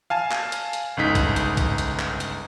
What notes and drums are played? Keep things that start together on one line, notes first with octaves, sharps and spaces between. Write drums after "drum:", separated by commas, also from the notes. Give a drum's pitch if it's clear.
F5 G#5 A5
drum: clap
drum: hi-hat
drum: hi-hat
G1 C#2 D#4 B6
drum: kick, hi-hat
drum: hi-hat
drum: kick, hi-hat
drum: hi-hat
drum: clap
drum: hi-hat